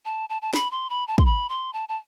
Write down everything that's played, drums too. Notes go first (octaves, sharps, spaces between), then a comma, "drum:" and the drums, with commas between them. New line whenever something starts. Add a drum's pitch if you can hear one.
A5
A5
A5
B5, drum: snare
C6
B5
A5
C6, drum: kick
B5
C6
A5
A5